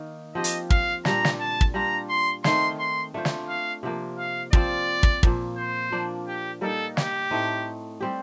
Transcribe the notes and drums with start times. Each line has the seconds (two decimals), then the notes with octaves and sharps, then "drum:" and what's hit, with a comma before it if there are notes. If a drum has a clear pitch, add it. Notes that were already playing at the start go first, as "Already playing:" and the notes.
Already playing: D#3 A#3 D#4
0.35 F3 C4 G4 D#5
0.44 drum: hi-hat
0.70 F5, drum: kick
1.05 A#2 G3 D4 A#5, drum: snare
1.25 drum: snare
1.40 A5
1.61 drum: kick
1.74 G3 D4 F4 A#5
2.09 C6
2.44 D#3 A3 C4 D#4 C6, drum: snare
2.79 C6
3.14 A3 D4 F4 C5
3.25 drum: snare
3.49 F5
3.83 C3 F3 A#3
4.18 F5
4.53 F3 C4 F4 D5, drum: kick
5.03 drum: kick
5.23 A#2 F3 A#3, drum: kick
5.57 C5
5.92 F3 A#3 D4
6.27 G4
6.61 G3 A#3 D#4 A4 A#4
6.97 G4, drum: snare
7.31 A2 A3 C4 D#4
8.00 G3 C4 G4